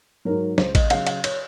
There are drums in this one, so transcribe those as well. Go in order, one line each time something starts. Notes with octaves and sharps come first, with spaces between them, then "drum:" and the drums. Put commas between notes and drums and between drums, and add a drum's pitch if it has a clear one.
G#2 F#3 A#4
C#2 C5, drum: snare
D#5, drum: kick A1, cymbal
C#3 F#3 F5, drum: cymbal
F5, drum: cymbal
C#5, drum: cymbal